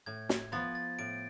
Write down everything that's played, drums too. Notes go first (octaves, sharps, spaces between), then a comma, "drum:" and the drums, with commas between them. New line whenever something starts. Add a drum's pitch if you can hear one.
A2 G#6
drum: snare
F3 B3 F4 A6
A6
A2 D7